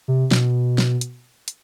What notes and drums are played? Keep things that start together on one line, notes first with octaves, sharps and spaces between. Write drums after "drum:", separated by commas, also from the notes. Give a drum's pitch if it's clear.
C3
B2, drum: snare
drum: snare
drum: hi-hat
drum: hi-hat